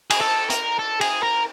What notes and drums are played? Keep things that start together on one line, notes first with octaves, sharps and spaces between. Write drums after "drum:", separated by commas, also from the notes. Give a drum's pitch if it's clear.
G#4, drum: cymbal
A4
A#4, drum: hi-hat
A4
G#4, drum: cymbal
A#4